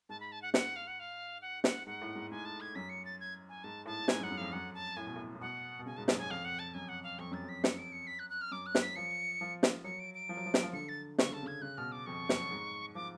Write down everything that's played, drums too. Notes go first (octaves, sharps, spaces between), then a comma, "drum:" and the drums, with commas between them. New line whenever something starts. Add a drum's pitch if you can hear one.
G#2 A5
B5
A5
F#5
F#5, drum: snare
F5
F#5
F5
F#5
F#5, drum: snare
G#2 F#5
A2
G#2
G#2 G#5
A5
G#6
F#2 B6
C#7
A6
G#6
G#5
G#2 A5
A2 A5
G#2 G#5, drum: snare
F#2
F#5
F#2
F2 F5
F#2 F#5
A5
A2 G#5
B2
A2
A2
B2 F#5
B2
C#3 G#5
G#2 A5
F#2 A5, drum: snare
G#5
F2 F5
F#5
A5
F#2 G#5
F#5
F5
F2 C#6
F#2 A6
F2
B6
F#2 C#7, drum: snare
D7
C#7
B6
F#6
F#6
F6
F#2 D6
F#6
F#2, drum: snare
B6
F3 C#7
F3
drum: snare
F#3 C#7
D7
D7
F3
F#3
F3
F#3, drum: snare
F3
D3 C#7
A6
C#3 C#6, drum: snare
D3 A5
C#3 G#6
C#3 F#6
B2 F6
D6
F2 C#6
F#2, drum: snare
G#2
F3 D6